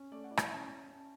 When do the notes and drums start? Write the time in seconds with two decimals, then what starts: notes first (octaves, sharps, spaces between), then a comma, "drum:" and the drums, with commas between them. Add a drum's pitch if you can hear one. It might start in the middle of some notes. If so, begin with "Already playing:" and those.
Already playing: C#4
0.12 A3 D5
0.24 F#5
0.31 E4 D5
0.37 E5, drum: rim click
0.50 C#4 A5
0.70 C#4
0.88 C#4